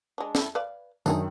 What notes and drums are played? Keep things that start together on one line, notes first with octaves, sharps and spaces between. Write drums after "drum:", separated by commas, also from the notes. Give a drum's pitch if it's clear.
G#3 D4
G3 A3 E4, drum: snare
B4 D5 F5
F#2 D#3 D4 D#4 G#4, drum: tambourine